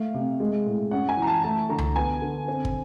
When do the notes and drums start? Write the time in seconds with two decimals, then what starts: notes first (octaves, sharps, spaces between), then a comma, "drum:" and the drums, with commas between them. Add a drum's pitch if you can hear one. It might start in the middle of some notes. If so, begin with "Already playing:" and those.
Already playing: A3 F5
0.14 C3
0.40 G#3
0.66 A2
0.91 C#4 F#5
1.09 G#5
1.17 E3 A#5
1.27 A5
1.44 A3 A5
1.69 D3 A#5
1.78 drum: tom C#2
1.96 B3 G#5
2.22 D3
2.48 C4
2.65 drum: kick